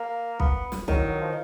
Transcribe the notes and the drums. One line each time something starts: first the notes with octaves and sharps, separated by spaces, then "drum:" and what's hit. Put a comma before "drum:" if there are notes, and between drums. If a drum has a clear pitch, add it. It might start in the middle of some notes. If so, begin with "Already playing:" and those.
Already playing: A#3
B3, drum: kick
drum: snare
D#3 F#3, drum: kick
F#3
F3